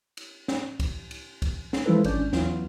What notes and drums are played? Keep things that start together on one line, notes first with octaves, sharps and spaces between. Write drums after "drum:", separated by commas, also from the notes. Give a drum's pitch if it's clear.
drum: cymbal
drum: snare
drum: kick, cymbal
drum: cymbal
drum: kick, cymbal
drum: snare
E3 F3 G#3 E4 A4 B4
G#1 C#4 D4 G6, drum: cymbal
E2 F#3 F4, drum: snare